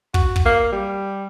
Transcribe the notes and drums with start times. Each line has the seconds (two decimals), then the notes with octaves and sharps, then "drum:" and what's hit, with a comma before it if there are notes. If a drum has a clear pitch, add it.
0.14 F#4, drum: kick
0.36 drum: kick
0.46 A#3
0.72 G3